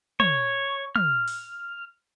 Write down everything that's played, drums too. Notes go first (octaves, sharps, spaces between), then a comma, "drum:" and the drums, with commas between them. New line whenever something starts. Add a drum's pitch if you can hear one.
C#5, drum: tom
F6, drum: tom
drum: open hi-hat